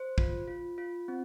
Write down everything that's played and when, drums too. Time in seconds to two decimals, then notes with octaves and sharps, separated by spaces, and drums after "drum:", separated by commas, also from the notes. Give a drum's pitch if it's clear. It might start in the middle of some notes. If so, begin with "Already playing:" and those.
Already playing: C5
0.18 F4, drum: kick
0.48 F4
0.78 F4
1.08 C4